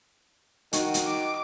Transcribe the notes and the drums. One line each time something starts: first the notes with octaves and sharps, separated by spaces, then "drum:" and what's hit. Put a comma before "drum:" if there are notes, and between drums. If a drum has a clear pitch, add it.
D#3 F#4, drum: hi-hat
drum: hi-hat
D6